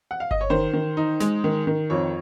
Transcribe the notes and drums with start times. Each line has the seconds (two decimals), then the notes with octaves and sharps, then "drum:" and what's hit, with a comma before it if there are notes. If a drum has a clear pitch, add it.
0.11 F#5
0.20 F5
0.31 D#5, drum: kick G1
0.41 C#5
0.50 D#3 C5
0.73 D#3
0.97 D#4
1.20 G#3, drum: snare
1.44 D#3
1.67 D#3
1.90 F2 C#5